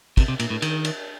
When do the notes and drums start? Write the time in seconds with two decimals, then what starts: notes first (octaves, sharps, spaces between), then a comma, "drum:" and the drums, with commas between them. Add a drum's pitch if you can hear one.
0.17 C3, drum: kick, cymbal
0.28 C3
0.40 A#2, drum: cymbal
0.50 A2
0.62 D#3, drum: cymbal
0.85 drum: cymbal